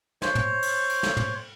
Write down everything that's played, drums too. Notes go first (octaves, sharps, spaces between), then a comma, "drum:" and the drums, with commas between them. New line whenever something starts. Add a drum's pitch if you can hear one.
C5 C#5, drum: snare
drum: tom
drum: cymbal
drum: cymbal
drum: snare
drum: tom